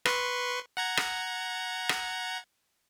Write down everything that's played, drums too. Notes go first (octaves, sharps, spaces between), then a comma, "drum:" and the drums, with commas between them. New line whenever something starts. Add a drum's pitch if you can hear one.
B4 C6 C#6, drum: rim click
F#5 A#5 G#6
drum: rim click
drum: rim click